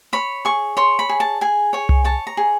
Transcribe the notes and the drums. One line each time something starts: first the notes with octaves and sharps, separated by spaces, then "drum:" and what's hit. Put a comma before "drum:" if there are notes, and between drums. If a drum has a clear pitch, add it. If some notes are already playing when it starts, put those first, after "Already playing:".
C#5 B5
G#4 C#6
C#5 C6
B5
G#4
A5
G#4 G#5
C#5 G#5
drum: tom C2
C#5 A5
A#5
G#4